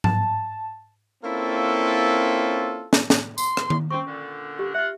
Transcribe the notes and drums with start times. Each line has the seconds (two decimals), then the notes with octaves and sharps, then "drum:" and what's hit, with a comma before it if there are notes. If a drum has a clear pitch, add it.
0.04 A5, drum: tom G#2
1.23 A#3 C4 C#4 E4 F4 A4
2.93 drum: snare
3.10 drum: snare
3.38 C6, drum: tambourine
3.57 drum: rim click
3.70 drum: tom D#3
3.90 C4 C#4 C#6
4.07 A#2 D3
4.59 G4
4.74 F4 E5 F#5